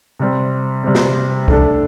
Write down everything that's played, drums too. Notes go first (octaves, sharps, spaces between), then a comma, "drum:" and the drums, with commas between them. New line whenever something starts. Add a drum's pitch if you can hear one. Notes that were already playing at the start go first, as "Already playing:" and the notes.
C3 G3 C4
C3 G3 C4
drum: snare
A3 D4 A4, drum: kick